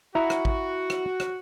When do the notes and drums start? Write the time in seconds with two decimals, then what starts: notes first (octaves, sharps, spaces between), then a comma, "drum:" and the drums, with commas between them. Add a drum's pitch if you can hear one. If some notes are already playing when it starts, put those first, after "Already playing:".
0.15 E4 F#4 A#5
0.30 drum: rim click
0.45 drum: kick
0.90 drum: rim click
1.20 drum: rim click